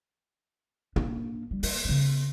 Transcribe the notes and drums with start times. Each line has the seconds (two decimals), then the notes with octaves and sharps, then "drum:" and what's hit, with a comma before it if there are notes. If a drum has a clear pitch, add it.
0.96 A#3 D4, drum: tom
1.51 G3
1.63 A#3, drum: open hi-hat
1.85 C#3 B3